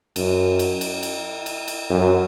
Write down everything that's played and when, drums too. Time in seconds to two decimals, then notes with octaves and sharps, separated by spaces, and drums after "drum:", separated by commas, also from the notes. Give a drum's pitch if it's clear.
0.16 F#2, drum: cymbal
0.59 drum: cymbal
0.81 drum: cymbal
1.03 drum: cymbal
1.46 drum: cymbal
1.68 drum: cymbal
1.90 F#2